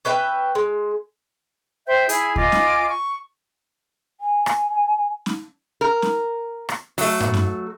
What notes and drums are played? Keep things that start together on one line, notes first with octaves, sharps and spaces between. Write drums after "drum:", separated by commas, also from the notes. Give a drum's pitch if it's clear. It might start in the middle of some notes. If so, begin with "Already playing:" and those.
C#4 B4 E5 G5
G#3
C5 E5 G5 G6
E4 G#4 G#5, drum: hi-hat
F4 D#5 G#5 D6, drum: kick D2
drum: snare C#4
C#6
G#5
drum: rim click
drum: snare C#4
A#4
drum: snare C#4
drum: rim click
F#3 A3, drum: open hi-hat
drum: tom G2
drum: snare C#4